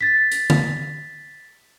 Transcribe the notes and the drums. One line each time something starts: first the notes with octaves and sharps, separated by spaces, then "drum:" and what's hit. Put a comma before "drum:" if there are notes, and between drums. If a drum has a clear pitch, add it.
A6 B6
drum: hi-hat
drum: tom